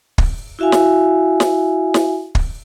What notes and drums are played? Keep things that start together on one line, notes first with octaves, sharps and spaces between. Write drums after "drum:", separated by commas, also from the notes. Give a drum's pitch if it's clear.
drum: kick
E4 F#4 E5 F5 G#5
drum: snare
drum: snare
drum: snare
drum: kick